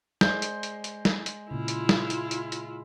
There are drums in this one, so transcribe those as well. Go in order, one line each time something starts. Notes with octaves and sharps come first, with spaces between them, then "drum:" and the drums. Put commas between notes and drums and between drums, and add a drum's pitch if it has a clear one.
G#3 C5 D5 C6 G6, drum: snare
drum: hi-hat
drum: hi-hat
drum: hi-hat
drum: snare
drum: hi-hat
A#2 C#3 E4 F4
drum: hi-hat
drum: snare
drum: hi-hat
drum: hi-hat
drum: hi-hat